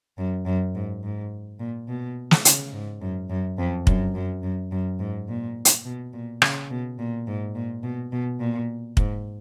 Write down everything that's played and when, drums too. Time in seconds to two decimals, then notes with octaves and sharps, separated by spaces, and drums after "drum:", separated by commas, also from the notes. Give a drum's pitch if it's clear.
0.18 F#2
0.46 F#2
0.75 G#2
1.03 G#2
1.59 A#2
1.88 B2
2.31 drum: snare
2.45 C#3, drum: hi-hat
2.73 G#2
3.01 F#2
3.30 F#2
3.58 F2
3.87 F#2, drum: kick
4.15 F#2
4.43 F#2
4.72 F#2
4.99 G#2
5.28 A#2
5.65 drum: hi-hat
5.85 B2
6.13 A#2
6.42 C#3, drum: rim click
6.70 B2
6.99 A#2
7.27 G#2
7.55 A#2
7.83 B2
8.12 B2
8.40 A#2
8.97 G#2, drum: kick